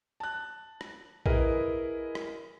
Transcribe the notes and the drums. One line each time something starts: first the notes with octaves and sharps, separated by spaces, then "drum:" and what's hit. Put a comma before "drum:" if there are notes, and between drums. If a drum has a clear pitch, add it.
A5 F#6
drum: rim click
E4 G#4 A#4 B4 D#5, drum: kick A#1
drum: rim click